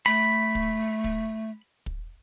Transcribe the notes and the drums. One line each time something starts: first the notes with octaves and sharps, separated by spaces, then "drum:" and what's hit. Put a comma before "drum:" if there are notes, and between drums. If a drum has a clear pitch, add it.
A3 B5
drum: kick
drum: kick
drum: kick